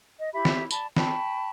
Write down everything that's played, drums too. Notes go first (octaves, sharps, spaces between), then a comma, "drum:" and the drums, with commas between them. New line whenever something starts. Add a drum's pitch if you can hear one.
D#5
E4 G4 E5 B5
drum: snare
D5 A5 B5, drum: tambourine
G5 A5 B5 C#6, drum: snare